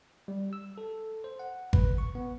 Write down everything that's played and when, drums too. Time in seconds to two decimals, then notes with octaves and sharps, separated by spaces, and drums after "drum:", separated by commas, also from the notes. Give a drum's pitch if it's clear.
0.28 G3
0.53 E6
0.78 A4
1.24 C5
1.39 F#5
1.73 B4, drum: kick G#1
1.98 C#6
2.15 B3